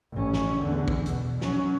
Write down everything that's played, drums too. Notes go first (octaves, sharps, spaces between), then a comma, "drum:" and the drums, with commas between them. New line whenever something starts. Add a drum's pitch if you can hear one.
A1 C#4
drum: snare
E2 D3
drum: kick
B2, drum: hi-hat
F#3 C#4, drum: snare